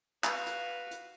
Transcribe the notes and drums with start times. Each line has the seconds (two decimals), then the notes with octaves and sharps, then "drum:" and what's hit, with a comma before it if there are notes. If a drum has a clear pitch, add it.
0.24 F#4 B4 F5, drum: clap
0.46 drum: hi-hat
0.91 drum: hi-hat